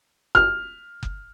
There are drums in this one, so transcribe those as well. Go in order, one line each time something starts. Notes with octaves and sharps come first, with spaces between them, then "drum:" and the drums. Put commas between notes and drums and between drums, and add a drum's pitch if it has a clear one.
F6, drum: kick F#1
drum: kick F#1